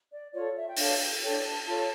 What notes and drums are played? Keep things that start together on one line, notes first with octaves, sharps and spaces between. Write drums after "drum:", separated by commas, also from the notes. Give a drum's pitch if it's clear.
D5
F4 A4 C#5 D5
E5
G5
D4 A4 C#5 F5, drum: open hi-hat
G5
D4 A4 C#5 G5
A5
F4 A4 C#5 A5